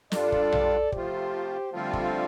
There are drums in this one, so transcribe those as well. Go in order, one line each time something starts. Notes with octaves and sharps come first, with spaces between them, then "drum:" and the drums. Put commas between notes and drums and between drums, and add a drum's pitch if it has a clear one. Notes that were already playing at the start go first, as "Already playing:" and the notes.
G2 G3 D4 F4 A4 D5, drum: snare
drum: kick
drum: tom A#1
C3 F3 A3 F4 G4 C5, drum: kick
D3 F3 G3 A3 C4 F4
drum: kick